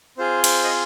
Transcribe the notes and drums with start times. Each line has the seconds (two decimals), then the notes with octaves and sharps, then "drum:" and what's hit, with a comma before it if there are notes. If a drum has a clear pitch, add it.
0.17 C4 F4 G#4 C5
0.44 C5, drum: cymbal
0.64 D#5